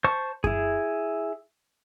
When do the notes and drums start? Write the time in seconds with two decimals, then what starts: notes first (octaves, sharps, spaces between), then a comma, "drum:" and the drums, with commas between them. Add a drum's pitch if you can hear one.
0.04 C5 A5 C#6
0.44 E4 G#4, drum: kick F#2